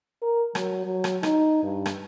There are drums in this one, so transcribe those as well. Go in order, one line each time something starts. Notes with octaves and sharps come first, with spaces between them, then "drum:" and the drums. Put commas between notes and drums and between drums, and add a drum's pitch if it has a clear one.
A#4
F#3, drum: rim click
F#3
drum: rim click
D#4, drum: rim click
G2
drum: rim click